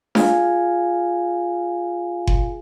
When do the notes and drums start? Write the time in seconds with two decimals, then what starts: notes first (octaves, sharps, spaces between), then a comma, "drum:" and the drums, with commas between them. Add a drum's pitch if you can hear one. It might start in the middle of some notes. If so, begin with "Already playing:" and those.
0.15 F4 G#4 F5 G#5, drum: snare D4
2.27 drum: kick F#1